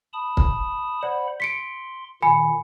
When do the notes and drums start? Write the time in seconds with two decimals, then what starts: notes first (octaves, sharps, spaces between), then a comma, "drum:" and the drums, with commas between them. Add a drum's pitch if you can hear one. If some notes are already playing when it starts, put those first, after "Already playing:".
0.13 A5 B5 D#6
0.37 drum: kick
1.03 C5 D5 F#5 B5
1.40 C6 B6 C#7 D7
2.22 A#2 D#3 G#5 B5 C#7